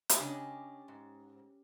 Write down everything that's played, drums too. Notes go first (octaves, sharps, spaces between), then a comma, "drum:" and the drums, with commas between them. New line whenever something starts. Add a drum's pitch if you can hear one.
drum: hi-hat
C#3 C#4 D4 G4 C#5 D#5
G#2